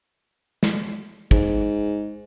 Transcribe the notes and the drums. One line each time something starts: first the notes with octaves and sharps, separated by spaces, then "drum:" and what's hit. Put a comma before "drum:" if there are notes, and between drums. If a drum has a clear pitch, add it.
drum: snare
G#2, drum: kick